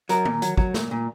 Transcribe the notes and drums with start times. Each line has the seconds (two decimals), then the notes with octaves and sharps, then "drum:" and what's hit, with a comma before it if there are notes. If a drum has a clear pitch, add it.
0.09 F#3 A#4, drum: hi-hat
0.25 A#2, drum: tom D#3
0.42 F#3, drum: hi-hat
0.58 F#3, drum: kick
0.74 A#2, drum: snare
0.91 A#2